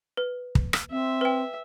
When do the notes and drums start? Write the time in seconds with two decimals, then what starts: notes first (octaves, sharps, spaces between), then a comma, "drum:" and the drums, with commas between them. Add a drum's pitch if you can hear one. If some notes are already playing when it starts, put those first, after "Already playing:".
0.17 B4
0.55 drum: kick
0.73 drum: rim click
0.91 C4 E5
1.21 B4 G5